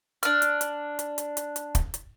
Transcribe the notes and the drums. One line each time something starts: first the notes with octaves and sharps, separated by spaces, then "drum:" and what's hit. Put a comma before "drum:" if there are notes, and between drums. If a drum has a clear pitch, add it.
D4 F6, drum: hi-hat
drum: hi-hat
drum: hi-hat
drum: hi-hat
drum: hi-hat
drum: hi-hat
drum: hi-hat
drum: kick, hi-hat
drum: hi-hat